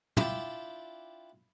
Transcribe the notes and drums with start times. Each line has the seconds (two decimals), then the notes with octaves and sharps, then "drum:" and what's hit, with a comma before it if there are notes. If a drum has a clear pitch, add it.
0.17 D4 E4 F4 G4 D5 E5, drum: tom